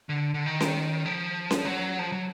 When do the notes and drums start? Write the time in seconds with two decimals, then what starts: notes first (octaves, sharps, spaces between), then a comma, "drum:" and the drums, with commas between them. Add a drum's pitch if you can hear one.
0.09 D3
0.34 D3
0.46 D#3
0.60 drum: snare C#4
1.06 F3
1.51 drum: snare C#4
1.65 F#3
1.99 F3
2.12 F#3